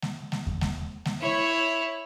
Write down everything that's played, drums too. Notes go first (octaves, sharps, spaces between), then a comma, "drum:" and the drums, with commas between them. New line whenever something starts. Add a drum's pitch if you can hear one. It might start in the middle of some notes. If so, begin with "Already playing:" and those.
drum: snare G#3
drum: snare G#3
drum: kick E2
drum: snare G#3
drum: snare G#3
E4 C#5